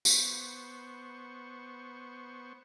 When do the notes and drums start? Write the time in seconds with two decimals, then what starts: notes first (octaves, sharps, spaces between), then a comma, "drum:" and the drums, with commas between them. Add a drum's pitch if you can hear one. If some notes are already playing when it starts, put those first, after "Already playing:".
0.05 B3 C5 C#6, drum: tambourine